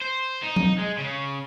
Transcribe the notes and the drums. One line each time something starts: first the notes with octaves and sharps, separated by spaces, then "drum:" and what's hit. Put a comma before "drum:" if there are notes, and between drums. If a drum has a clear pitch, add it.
C5
D#4
drum: tom F#3
G#3
C#3